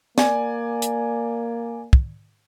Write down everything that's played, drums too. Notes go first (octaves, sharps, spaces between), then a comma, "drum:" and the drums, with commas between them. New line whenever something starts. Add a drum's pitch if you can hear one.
A#3 D5 G#5, drum: snare
drum: hi-hat
drum: kick